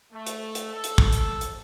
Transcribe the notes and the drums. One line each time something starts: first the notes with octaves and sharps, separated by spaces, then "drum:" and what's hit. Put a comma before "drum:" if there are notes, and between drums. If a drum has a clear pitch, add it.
A3
drum: hi-hat
drum: hi-hat
A4
drum: hi-hat
drum: kick
drum: hi-hat
drum: hi-hat